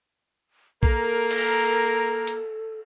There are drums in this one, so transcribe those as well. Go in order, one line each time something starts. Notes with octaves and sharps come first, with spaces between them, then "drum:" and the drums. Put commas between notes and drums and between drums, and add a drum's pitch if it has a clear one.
A#3 A4 A#4, drum: kick B1
drum: cymbal
drum: hi-hat